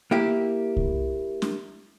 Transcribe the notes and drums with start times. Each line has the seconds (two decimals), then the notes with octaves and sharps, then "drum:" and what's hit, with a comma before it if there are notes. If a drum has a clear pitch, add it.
0.11 A#3 E4 G4
0.77 drum: kick C2
1.42 drum: snare